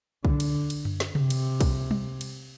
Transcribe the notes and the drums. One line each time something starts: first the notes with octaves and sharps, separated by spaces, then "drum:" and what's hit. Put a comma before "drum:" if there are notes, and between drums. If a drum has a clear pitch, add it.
D3, drum: kick
drum: cymbal
drum: cymbal
drum: tom F#2
drum: snare
C3, drum: tom C3
drum: cymbal
drum: kick, cymbal
drum: tom G3
drum: cymbal